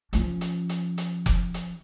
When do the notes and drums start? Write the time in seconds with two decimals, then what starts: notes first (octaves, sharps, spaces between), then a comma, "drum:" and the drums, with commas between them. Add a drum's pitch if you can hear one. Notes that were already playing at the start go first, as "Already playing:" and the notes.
0.13 F3 C#4, drum: hi-hat
0.41 drum: hi-hat
0.69 drum: hi-hat
0.98 drum: hi-hat
1.26 drum: kick F1, hi-hat
1.54 drum: hi-hat